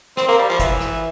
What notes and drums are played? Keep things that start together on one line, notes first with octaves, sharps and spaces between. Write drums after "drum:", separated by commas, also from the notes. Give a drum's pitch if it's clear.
C4, drum: rim click
A#3
G3
F3
E3, drum: kick G#1, hi-hat
drum: rim click